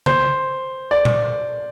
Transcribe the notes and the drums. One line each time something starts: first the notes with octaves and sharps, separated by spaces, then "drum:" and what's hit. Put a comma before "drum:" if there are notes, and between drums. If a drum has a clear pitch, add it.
C5, drum: tom C#3
D5
drum: tom A#2